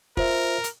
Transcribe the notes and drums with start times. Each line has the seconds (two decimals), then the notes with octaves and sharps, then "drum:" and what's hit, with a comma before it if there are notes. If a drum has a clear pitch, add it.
0.17 F4 A#4 C5 E5, drum: kick
0.64 drum: hi-hat